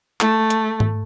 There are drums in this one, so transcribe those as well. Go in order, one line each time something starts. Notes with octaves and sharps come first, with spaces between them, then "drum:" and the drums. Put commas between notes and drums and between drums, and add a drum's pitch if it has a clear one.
A3, drum: clap
drum: hi-hat
drum: tom G#2